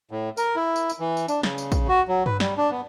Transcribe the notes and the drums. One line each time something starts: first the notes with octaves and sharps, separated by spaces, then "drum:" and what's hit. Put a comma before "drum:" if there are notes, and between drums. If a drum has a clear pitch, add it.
A2
A#4, drum: tambourine
E4
drum: tambourine
drum: tambourine
E3
drum: tambourine
D4, drum: tambourine
C#3, drum: snare
drum: tambourine
drum: kick, tambourine
F#4
F#3
B4, drum: tom G2
G3, drum: snare
D4
B3